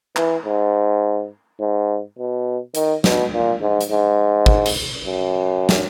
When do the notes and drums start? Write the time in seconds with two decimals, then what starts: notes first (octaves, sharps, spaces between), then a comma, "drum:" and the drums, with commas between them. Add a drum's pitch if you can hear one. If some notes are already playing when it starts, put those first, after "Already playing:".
0.16 E3, drum: clap
0.45 G#2
1.60 G#2
2.18 B2
2.75 D#3, drum: hi-hat
3.04 B2, drum: snare
3.33 A#2
3.61 G#2
3.81 drum: hi-hat
3.91 G#2
4.46 drum: kick
4.66 drum: cymbal
5.06 F#2
5.69 drum: snare